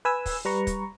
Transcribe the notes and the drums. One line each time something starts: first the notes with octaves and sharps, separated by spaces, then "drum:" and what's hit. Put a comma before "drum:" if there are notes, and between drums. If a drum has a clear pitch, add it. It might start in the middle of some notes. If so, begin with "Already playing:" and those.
B4 G#5 E6
drum: kick, open hi-hat
G3 B4 A#5 C#6
drum: kick, hi-hat